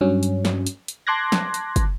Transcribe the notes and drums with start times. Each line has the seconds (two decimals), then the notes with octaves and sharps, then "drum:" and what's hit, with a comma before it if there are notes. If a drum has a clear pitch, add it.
0.01 G2 F#3 C#4
0.23 drum: hi-hat
0.45 drum: snare
0.67 drum: hi-hat
0.88 drum: hi-hat
1.07 A5 C6 D6 F#6 G#6 A#6
1.32 drum: snare
1.54 drum: hi-hat
1.76 drum: kick, hi-hat